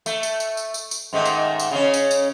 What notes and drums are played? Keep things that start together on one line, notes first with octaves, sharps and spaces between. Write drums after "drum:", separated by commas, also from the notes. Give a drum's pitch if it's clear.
A3, drum: tambourine
drum: tambourine
drum: tambourine
drum: tambourine
drum: tambourine
drum: tambourine
G#2 D#3 A3
drum: tambourine
drum: tambourine
C#3 C#4
drum: tambourine
drum: tambourine